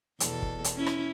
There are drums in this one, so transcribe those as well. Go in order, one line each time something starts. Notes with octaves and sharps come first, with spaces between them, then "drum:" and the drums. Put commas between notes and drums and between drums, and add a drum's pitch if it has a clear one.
E2 B2 A4, drum: hi-hat
drum: kick
drum: hi-hat
C#4 E4
drum: rim click